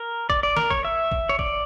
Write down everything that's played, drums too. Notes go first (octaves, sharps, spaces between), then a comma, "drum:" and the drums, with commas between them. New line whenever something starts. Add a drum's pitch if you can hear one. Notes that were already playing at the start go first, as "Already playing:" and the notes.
Already playing: A#4
D5, drum: kick
D5
A#4, drum: snare
C#5, drum: kick
E5
drum: kick
C#5
D5, drum: kick